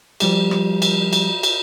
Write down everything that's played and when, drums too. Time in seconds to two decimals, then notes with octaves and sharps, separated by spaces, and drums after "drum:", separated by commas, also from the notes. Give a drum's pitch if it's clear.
0.20 F3 G3 G4, drum: cymbal
0.51 drum: rim click
0.82 drum: cymbal
1.13 drum: cymbal
1.43 drum: cymbal